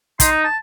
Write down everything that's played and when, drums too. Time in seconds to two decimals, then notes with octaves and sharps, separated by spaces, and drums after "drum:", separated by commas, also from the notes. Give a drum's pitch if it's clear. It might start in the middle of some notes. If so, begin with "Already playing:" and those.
0.20 D#4 C6, drum: kick, hi-hat
0.32 A#5
0.44 A5